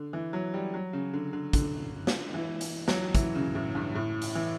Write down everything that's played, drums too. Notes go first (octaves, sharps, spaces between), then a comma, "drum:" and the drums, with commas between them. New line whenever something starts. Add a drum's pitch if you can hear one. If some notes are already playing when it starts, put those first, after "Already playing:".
Already playing: D3
E3
F#3
G3
F#3
C#3
D3
D3
D3, drum: kick, hi-hat
drum: snare
E3
drum: hi-hat
F#3, drum: snare
E3, drum: kick, hi-hat
C#3
A2
G2
A2
drum: hi-hat
E3